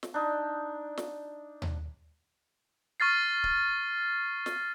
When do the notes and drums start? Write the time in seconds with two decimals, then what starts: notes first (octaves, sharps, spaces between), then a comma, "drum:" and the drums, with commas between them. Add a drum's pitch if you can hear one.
0.03 drum: snare
0.14 D4 D#4
0.97 drum: snare
1.62 drum: tom D#2
3.00 C#6 F6 A6 C7
3.44 drum: kick C#1
4.46 drum: snare